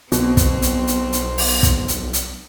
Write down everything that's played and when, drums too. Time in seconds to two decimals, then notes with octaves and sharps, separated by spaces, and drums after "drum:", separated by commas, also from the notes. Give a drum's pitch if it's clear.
0.12 B1 B2 C4, drum: hi-hat
0.37 drum: kick, hi-hat
0.62 drum: hi-hat
0.87 drum: hi-hat
1.13 drum: hi-hat
1.38 drum: open hi-hat
1.63 drum: kick, hi-hat
1.88 drum: hi-hat
2.13 drum: hi-hat